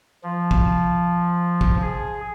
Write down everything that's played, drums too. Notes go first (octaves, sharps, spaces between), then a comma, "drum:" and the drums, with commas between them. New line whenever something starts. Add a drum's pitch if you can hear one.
F3
drum: kick
drum: kick
G#4